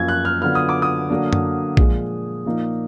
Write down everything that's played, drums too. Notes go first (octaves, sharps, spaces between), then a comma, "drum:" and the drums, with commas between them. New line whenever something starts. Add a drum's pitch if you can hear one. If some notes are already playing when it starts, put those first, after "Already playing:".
Already playing: F#2 F3 A#3 F4 G#6
F#6
F6
D3 F#3 B3 D4 F4 F6
D#6
D6
D#6
D3 F#3 A#3 D4
drum: tom F#2
A#2 F3 G#3, drum: kick A#1
A#2 F3 A#3 D#4